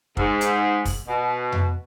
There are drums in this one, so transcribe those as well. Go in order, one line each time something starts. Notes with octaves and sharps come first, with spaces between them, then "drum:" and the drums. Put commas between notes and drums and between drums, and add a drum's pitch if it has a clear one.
G#2, drum: kick
drum: hi-hat
drum: kick, open hi-hat
B2
drum: tom F2